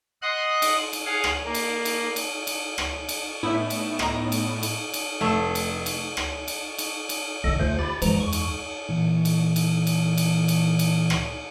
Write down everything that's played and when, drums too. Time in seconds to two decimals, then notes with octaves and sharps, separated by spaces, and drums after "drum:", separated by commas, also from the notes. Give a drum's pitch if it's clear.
0.22 D#5 F#5 C6 D#6 F#6
0.62 drum: cymbal
0.93 drum: cymbal
1.05 G#4 F5 F#5
1.24 drum: rim click
1.45 A#3
1.54 drum: cymbal
1.85 drum: cymbal
2.16 drum: cymbal
2.47 drum: cymbal
2.78 drum: rim click
3.09 drum: cymbal
3.43 A2 B3 D#4 E4 E5
3.70 drum: cymbal
3.99 D#5 A#5, drum: rim click
4.32 drum: cymbal
4.63 drum: cymbal
4.94 drum: cymbal
5.21 F1 A3
5.55 drum: cymbal
5.86 drum: cymbal
6.17 drum: rim click
6.48 drum: cymbal
6.78 drum: cymbal
7.09 drum: cymbal
7.44 B1 D3 A4 D#5
7.59 D#2 D3 A3 F4 C5
7.79 G4 B5 A6
8.02 F#2 E3 F3 G#3 A#5, drum: cymbal
8.20 E2 C#6
8.33 drum: cymbal
8.89 A#2 E3
9.25 drum: cymbal
9.56 drum: cymbal
9.87 drum: cymbal
10.17 drum: cymbal
10.48 drum: cymbal
10.79 drum: cymbal
11.10 drum: rim click